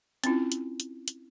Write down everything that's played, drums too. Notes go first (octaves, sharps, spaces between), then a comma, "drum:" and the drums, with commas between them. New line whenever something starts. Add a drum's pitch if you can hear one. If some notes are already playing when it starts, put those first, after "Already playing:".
C4 C#4 E4 F4, drum: hi-hat
drum: hi-hat
drum: hi-hat
drum: hi-hat